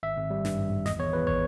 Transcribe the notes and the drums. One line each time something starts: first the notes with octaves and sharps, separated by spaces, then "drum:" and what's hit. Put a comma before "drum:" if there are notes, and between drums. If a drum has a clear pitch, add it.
G#1 E5
G#1
G3
G2, drum: snare
G#1
G#1
E2 D#5, drum: snare
E2 C#5
E2 B4
C#5, drum: kick